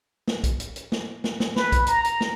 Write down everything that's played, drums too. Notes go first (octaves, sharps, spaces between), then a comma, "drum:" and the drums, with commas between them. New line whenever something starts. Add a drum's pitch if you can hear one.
drum: snare
drum: kick B1, hi-hat
drum: hi-hat
drum: hi-hat
drum: snare
drum: snare
drum: snare
B4, drum: snare
drum: kick B1, hi-hat
A#5, drum: hi-hat
drum: hi-hat
drum: snare